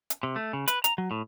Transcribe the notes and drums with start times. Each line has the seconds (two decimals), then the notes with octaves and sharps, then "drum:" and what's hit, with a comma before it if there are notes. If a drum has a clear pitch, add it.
0.10 drum: hi-hat
0.23 C3
0.36 A3
0.53 C#3
0.68 B4, drum: hi-hat
0.84 A#5, drum: hi-hat
0.98 F#3
1.11 A2